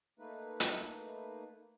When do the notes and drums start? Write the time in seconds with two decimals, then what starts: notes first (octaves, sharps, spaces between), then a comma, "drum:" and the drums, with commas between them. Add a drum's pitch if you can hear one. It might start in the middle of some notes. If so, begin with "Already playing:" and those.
0.19 A3 A#3 D#4 B4
0.60 drum: hi-hat